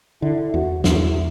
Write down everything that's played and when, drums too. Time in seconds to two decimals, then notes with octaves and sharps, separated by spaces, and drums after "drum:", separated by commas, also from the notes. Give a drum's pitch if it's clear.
0.22 D3 E4
0.54 E2 F#4
0.84 E2 E4, drum: snare